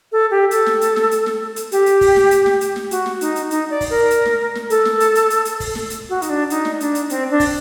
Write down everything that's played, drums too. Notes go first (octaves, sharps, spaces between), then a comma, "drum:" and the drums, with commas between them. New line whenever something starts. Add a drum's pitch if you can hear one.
A4
G4
A4, drum: hi-hat
drum: snare
drum: hi-hat
drum: snare
drum: hi-hat
drum: snare
drum: hi-hat
G4, drum: hi-hat
drum: hi-hat
drum: kick, open hi-hat
drum: snare
drum: hi-hat
drum: snare
drum: hi-hat
drum: snare
F#4, drum: hi-hat
drum: snare
D#4, drum: hi-hat
drum: hi-hat
D#4, drum: hi-hat
D5
drum: kick, open hi-hat
A#4
drum: hi-hat
drum: snare
drum: snare
A4, drum: hi-hat
drum: snare
drum: hi-hat
drum: hi-hat
drum: hi-hat
drum: hi-hat
drum: kick, open hi-hat
drum: snare
drum: hi-hat
F#4
D#4, drum: hi-hat
D4
D#4, drum: hi-hat
drum: snare
D4, drum: hi-hat
drum: hi-hat
C4, drum: hi-hat
D4
drum: kick, open hi-hat